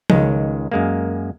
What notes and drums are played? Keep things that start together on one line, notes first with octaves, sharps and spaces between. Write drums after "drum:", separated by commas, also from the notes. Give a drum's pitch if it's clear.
C#2 D#3 G#3, drum: tom F3
F#2 G#3 A#3